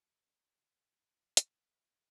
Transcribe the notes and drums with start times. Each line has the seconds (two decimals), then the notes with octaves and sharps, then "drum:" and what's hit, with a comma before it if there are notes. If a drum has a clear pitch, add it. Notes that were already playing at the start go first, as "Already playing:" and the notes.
0.17 A#2 F3 D4
0.47 C#3 G3 E4
0.77 A2 F3 F4
1.06 G2 F3 F4
1.37 C#3 F3 E4, drum: hi-hat
1.66 C#3 F3 E4